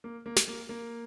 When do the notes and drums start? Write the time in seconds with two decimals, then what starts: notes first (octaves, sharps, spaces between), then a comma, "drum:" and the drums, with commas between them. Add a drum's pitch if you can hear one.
0.04 A#3
0.26 A#3
0.36 drum: snare
0.48 A#3
0.69 A#3